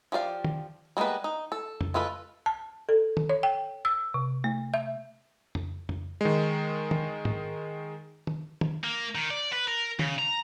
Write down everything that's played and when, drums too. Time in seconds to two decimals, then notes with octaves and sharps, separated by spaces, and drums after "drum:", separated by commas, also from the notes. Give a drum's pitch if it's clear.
0.12 F3 G4 D5 F5
0.44 drum: tom D#3
0.97 G3 G#3 A#3 B3 B4
1.24 D#4
1.52 A4
1.81 drum: tom F2
1.94 G#3 F4 A4 B4
2.46 A5
2.89 A4
3.17 drum: tom D#3
3.30 C#5
3.43 G5
3.85 E6
4.14 C3
4.44 A3
4.74 E5
5.55 drum: tom F2
5.89 drum: tom F2
6.21 D#3 G#3
6.91 drum: tom D#3
7.25 drum: tom
8.27 drum: tom D#3
8.61 drum: tom D#3
8.84 A#3
9.15 D#3
9.30 D5
9.52 B4
9.67 A#4
9.99 C#3, drum: tom D#3
10.19 A#5